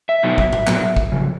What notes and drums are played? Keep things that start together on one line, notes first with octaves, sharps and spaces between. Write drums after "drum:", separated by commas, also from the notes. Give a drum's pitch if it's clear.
E5
B2 F#3 B3 D#4
drum: kick
drum: tom A2
A#2 F#3 B3, drum: clap
drum: kick
F2 C#3